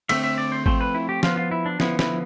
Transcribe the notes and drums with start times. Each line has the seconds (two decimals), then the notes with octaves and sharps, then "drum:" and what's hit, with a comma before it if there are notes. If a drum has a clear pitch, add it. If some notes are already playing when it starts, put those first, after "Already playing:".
0.09 D3 A3 C4 E5, drum: cymbal
0.24 E5
0.38 D5
0.52 C5
0.66 F3 A3 C4 C5, drum: kick G#1
0.81 B4
0.95 E4
1.09 G4
1.23 F3 B3 F4, drum: snare
1.37 F4
1.51 E4
1.66 D4
1.80 D3 F3 B3 E4, drum: snare
1.99 E4, drum: snare